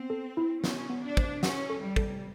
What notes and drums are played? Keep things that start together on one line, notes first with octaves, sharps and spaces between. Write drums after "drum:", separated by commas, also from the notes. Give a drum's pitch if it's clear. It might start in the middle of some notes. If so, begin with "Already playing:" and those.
Already playing: B3 C4
A4
E4
B3 C#4, drum: snare
B3
D4
C5, drum: kick
C#4 F#5, drum: snare
A4
G3
A4, drum: kick